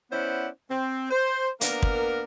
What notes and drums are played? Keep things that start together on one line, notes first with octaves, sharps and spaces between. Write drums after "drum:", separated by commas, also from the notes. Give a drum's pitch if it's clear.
B3 C#4 E4 C5 D5 F#5
C4
C5
A#3 B3 D4 A#4, drum: hi-hat
drum: kick